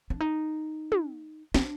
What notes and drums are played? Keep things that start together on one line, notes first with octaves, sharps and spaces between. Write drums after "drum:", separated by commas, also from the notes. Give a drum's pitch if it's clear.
D4
D#4
drum: tom
D4, drum: snare